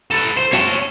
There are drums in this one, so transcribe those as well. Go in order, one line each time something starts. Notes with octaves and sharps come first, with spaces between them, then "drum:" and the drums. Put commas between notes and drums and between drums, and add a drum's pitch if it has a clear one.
A4 B4
C5
C#5 A5, drum: hi-hat